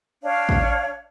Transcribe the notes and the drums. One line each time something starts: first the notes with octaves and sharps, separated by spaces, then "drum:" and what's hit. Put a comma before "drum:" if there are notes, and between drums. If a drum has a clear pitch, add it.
D4 C#5 F5
drum: kick